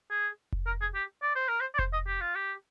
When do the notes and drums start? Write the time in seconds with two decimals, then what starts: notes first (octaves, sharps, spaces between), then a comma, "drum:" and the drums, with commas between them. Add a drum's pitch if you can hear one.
0.11 G#4
0.52 drum: kick F1
0.66 A#4
0.81 G#4
0.95 G4
1.22 D5
1.35 C5
1.48 A#4
1.60 C5
1.74 D5
1.79 C5, drum: kick F1
1.93 D#5
2.07 G4
2.21 F4
2.35 G4